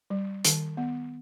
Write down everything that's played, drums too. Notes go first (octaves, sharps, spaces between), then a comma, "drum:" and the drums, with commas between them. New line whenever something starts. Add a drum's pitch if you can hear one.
G3
D#3, drum: hi-hat
B3